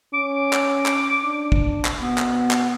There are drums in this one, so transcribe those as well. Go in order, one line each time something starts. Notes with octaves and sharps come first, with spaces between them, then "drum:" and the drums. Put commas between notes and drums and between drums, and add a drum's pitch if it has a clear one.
C#4 D6
drum: clap
drum: clap
D4
drum: kick
drum: clap
B2 B3
drum: clap
drum: clap